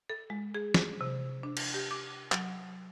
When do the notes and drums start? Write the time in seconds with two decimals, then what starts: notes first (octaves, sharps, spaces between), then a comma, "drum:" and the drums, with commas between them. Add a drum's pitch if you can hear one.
0.10 A4
0.30 G#3
0.55 G#4
0.74 drum: snare
1.01 C3
1.43 D4
1.57 drum: cymbal
1.74 G4
1.91 D6
2.32 F#3, drum: clap